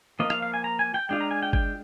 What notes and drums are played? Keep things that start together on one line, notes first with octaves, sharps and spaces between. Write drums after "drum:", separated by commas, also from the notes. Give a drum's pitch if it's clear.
F3 A#3 F4 D#5
F5, drum: rim click
F5
G#5
A#5
G#5
G5
G#3 D4 F4 G5
A#5
G#5
G5
G5, drum: kick